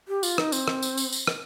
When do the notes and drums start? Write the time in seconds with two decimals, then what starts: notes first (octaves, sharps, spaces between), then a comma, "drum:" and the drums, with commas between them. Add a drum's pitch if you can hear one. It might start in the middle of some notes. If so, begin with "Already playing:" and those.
0.08 G4
0.23 F4, drum: tambourine
0.38 D#4, drum: rim click
0.52 C4, drum: tambourine
0.68 drum: rim click
0.83 drum: tambourine
0.98 drum: tambourine
1.12 drum: tambourine
1.27 drum: rim click